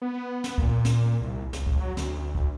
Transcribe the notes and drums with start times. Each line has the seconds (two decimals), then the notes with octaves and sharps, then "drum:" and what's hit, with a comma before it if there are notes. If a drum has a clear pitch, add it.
0.02 B3
0.44 drum: snare
0.58 A#2, drum: kick
0.85 drum: snare
1.21 C2
1.53 C#2, drum: snare
1.67 drum: kick
1.80 F#3
1.97 D2, drum: snare
2.35 drum: kick